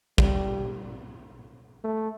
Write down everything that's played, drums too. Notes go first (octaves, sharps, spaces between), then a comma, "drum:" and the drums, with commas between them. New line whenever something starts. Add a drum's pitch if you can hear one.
G3, drum: kick
A3